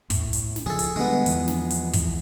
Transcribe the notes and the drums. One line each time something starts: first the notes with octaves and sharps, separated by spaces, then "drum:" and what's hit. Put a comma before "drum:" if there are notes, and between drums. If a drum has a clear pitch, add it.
A2, drum: kick, hi-hat
drum: hi-hat
drum: snare
C#2 F3 G#4 A4
drum: hi-hat
D3 G3 G#3 B3
E2 E3 F3, drum: hi-hat
drum: snare
drum: hi-hat
drum: kick, hi-hat